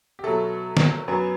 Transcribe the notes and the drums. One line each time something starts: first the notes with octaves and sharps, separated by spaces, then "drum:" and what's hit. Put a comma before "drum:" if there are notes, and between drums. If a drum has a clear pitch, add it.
G4
B2 F#3 A3 A4
drum: snare
F#2 F#3 B3